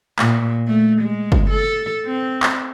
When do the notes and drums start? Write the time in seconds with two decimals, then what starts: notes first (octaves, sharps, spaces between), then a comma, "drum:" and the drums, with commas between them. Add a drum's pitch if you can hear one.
0.19 A#2, drum: clap
0.67 A3
1.01 G#3
1.32 drum: kick
1.50 A4
2.06 C4
2.43 drum: clap